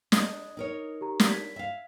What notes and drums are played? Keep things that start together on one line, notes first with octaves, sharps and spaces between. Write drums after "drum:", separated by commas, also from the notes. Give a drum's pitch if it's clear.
D4 D#5 D#6 G#6, drum: snare
D#4 A#4 C#5
G4 A#5
drum: snare
G#6 B6
E5 F5